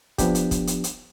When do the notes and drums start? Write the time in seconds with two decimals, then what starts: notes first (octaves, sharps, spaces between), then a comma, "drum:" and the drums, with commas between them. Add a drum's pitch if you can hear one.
0.18 F3 B3 D4 G4, drum: kick, hi-hat
0.35 drum: hi-hat
0.51 drum: kick, hi-hat
0.67 drum: hi-hat
0.84 drum: hi-hat